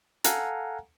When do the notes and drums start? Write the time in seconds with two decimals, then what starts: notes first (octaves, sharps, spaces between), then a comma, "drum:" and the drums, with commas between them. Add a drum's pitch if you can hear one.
0.24 A4 F5 F#5 G#5 A#5, drum: hi-hat